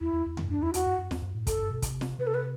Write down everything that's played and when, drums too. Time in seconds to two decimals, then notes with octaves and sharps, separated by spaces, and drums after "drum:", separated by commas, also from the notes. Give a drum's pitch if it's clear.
0.01 E2 E4
0.13 E2
0.26 E2
0.37 G2, drum: tom E2
0.49 F#2 D4
0.62 E2 E4
0.74 E2 F#4, drum: hi-hat
0.86 F#2
0.98 F#2
1.11 E2, drum: snare
1.22 F#2
1.34 A2
1.47 F#2 A4, drum: kick, hi-hat
1.59 G2
1.70 B2
1.82 C3, drum: kick, hi-hat
2.01 drum: snare
2.19 C3 B4
2.27 A4
2.34 B4